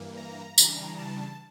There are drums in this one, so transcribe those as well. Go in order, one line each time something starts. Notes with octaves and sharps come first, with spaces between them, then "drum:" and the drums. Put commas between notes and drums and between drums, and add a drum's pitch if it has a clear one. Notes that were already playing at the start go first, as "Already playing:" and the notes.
Already playing: G2 E3 A#3
A#5
C#3 E3 G3 D4, drum: tambourine
A5